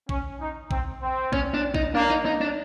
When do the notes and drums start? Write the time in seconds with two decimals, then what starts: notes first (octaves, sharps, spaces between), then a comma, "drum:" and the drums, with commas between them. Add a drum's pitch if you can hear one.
0.09 C#4, drum: kick A#1
0.40 D#4
0.71 C4, drum: kick A#1
1.03 C4
1.33 C#4, drum: kick A#1
1.54 D4
1.74 D#4, drum: kick A#1
1.94 A#3 D4
2.10 D#4
2.26 D#4
2.41 D4